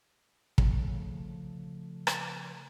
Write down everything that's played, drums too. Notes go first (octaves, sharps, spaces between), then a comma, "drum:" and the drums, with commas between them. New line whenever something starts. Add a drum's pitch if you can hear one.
C#3 F3 A3, drum: kick
drum: rim click